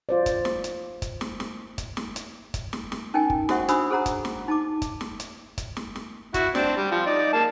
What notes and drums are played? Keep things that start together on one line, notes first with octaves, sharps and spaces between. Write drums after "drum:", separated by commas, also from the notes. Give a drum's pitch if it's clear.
F4 C5 D5
drum: kick, hi-hat
drum: snare
drum: hi-hat
drum: kick, hi-hat
drum: snare
drum: snare
drum: kick, hi-hat
drum: snare
drum: hi-hat
drum: kick, hi-hat
drum: snare
drum: snare
C#4 D#4 A#4 G5 G#5
drum: kick
F#4 A4 C5 E5 F#5 C#6, drum: snare
D4 F#4 C5 B5 D#6 E6, drum: hi-hat
G#4 A4 C5 F#5 A#5
drum: kick, hi-hat
drum: snare
D#4 A5 D6
drum: kick, hi-hat
drum: snare
drum: hi-hat
drum: kick, hi-hat
drum: snare
drum: snare
E4 F#4, drum: kick, hi-hat
C4 D4, drum: snare
G3
F3
D#4 D5
A#3 A5